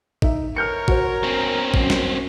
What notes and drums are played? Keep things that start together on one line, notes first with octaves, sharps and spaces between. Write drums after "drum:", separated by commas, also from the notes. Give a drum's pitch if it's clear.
D#4 E5, drum: kick A1
A#4 C#5 F6 G6 C#7
F#4 C5, drum: kick A1
C4 C#4
F#2, drum: kick A1
drum: snare